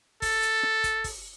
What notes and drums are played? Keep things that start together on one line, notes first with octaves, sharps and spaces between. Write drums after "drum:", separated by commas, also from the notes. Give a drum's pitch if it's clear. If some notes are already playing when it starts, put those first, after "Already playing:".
A4, drum: kick, open hi-hat
drum: hi-hat
drum: rim click
drum: kick, hi-hat
drum: kick, open hi-hat